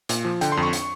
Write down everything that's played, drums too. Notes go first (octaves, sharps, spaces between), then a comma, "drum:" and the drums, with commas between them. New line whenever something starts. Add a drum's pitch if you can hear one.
A#2, drum: hi-hat
F3
D3 G5, drum: hi-hat
C6
F2
C#6
drum: hi-hat